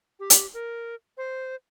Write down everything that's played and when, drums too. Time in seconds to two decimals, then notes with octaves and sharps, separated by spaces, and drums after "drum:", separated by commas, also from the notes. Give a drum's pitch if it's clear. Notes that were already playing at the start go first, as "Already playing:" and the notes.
0.20 G4
0.30 drum: hi-hat
0.54 A#4
1.18 C5